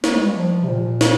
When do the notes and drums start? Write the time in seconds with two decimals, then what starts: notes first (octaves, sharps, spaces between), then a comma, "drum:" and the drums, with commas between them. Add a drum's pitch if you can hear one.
0.04 A#3, drum: snare
0.15 G#3
0.25 G3
0.37 F3
0.63 C3
0.69 A#2
1.01 drum: snare